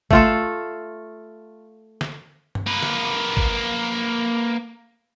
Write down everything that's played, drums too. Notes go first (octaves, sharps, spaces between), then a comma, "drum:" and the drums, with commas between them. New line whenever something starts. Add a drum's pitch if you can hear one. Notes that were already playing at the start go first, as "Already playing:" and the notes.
A3 F4 A4, drum: kick
drum: snare
drum: tom G2
A#3 B4
drum: snare
drum: kick